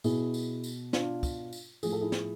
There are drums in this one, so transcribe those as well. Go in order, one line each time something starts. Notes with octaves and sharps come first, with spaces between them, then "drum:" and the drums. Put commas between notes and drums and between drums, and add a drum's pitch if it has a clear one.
B2 E4 G#4, drum: tambourine
drum: tambourine
drum: tambourine
D4 F4, drum: snare
drum: kick, tambourine
drum: tambourine
A2 F3 G#4, drum: tambourine
A4
E4 G#4
drum: snare